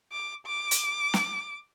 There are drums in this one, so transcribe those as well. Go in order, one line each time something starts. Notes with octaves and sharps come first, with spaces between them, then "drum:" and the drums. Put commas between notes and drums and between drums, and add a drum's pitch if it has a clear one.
D6
D6
drum: hi-hat
drum: snare